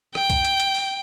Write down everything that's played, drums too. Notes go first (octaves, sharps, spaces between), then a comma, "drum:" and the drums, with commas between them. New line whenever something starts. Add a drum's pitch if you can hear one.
G5, drum: rim click
drum: kick, hi-hat
drum: hi-hat
drum: hi-hat
drum: open hi-hat